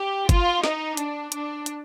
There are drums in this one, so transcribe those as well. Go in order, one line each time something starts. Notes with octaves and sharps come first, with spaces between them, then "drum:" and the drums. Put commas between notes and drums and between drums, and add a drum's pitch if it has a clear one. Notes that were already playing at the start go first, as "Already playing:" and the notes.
Already playing: G4
F4, drum: kick, hi-hat
D#4, drum: snare
D4, drum: hi-hat
D4, drum: hi-hat
drum: hi-hat